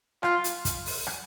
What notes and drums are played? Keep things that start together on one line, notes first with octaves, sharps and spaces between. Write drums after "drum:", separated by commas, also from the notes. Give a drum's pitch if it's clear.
F4, drum: rim click
drum: hi-hat
drum: kick, hi-hat
drum: open hi-hat
drum: rim click